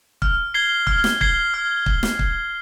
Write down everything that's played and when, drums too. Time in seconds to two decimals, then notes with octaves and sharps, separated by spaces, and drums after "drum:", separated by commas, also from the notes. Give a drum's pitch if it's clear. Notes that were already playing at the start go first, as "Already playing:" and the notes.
0.22 F6, drum: kick
0.54 G#6 C7 G7
0.87 F6, drum: kick
1.04 drum: snare
1.21 G#6 C7 G7, drum: kick
1.54 F6
1.86 drum: kick
2.03 drum: snare
2.19 drum: kick